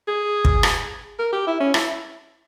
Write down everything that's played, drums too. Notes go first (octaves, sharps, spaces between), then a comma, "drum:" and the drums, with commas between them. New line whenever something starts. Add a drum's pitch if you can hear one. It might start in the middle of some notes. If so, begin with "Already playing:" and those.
G#4
drum: kick
drum: rim click
A#4
G4
E4
C#4
E4, drum: rim click